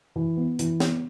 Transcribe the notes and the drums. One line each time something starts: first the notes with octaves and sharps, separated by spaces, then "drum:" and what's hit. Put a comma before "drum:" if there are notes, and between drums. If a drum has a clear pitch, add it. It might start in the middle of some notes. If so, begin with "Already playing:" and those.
E3
B3
E3, drum: hi-hat
B3, drum: snare